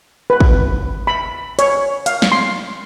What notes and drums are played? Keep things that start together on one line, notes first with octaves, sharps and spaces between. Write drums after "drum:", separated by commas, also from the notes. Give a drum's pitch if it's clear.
B4
drum: kick
B5
C#5, drum: hi-hat
F5, drum: hi-hat
drum: snare
C6